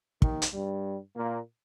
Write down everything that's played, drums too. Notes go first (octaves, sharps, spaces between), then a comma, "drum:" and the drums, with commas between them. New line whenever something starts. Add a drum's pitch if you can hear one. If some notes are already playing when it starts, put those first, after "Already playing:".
D#2 D#3, drum: kick
drum: hi-hat
G2 G3
A#2 A#3